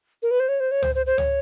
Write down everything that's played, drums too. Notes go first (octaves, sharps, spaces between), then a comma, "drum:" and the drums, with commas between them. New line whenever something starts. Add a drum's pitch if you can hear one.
A#4
B4
C5
C#5
C5
C#5
C5, drum: tom C#2
C5
C5
C#5, drum: tom C#2